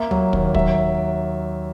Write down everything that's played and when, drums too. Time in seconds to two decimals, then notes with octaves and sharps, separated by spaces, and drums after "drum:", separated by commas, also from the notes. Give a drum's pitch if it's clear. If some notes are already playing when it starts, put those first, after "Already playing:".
Already playing: A#3 E5
0.11 F#3, drum: tom D2
0.33 D#2, drum: kick
0.54 F#3 E5, drum: kick